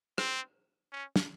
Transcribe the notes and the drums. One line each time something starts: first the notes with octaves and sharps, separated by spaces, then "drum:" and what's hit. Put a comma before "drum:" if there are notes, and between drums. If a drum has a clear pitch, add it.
C4, drum: rim click
C#4
drum: snare